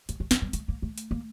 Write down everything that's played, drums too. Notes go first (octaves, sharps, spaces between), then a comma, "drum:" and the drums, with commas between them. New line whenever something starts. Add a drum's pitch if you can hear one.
A#3, drum: hi-hat
A3
F3, drum: snare
G3
A3, drum: hi-hat
A#3
A3
drum: hi-hat
A#3